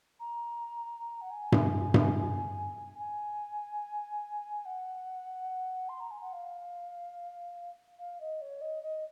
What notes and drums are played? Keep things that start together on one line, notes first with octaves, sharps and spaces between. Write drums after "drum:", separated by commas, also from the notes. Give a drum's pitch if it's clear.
A#5
F#5
G#5
drum: tom G2
drum: tom G2
G#5
F#5
C6
A#5
G#5
F#5
F5
F5
D#5
C#5
D#5
D#5